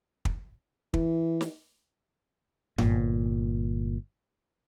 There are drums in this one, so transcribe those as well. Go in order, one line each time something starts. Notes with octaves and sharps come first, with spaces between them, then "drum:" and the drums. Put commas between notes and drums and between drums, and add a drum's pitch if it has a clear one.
drum: kick
E3, drum: kick
drum: snare
G1 A#2, drum: tom G2